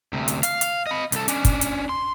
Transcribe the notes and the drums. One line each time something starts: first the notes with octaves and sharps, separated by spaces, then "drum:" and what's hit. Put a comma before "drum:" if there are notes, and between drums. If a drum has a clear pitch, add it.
D2 C3
drum: hi-hat
F5, drum: hi-hat
drum: hi-hat
D#5 B5
C2 A4, drum: hi-hat
C#4 D4, drum: hi-hat
drum: kick, hi-hat
drum: hi-hat
C6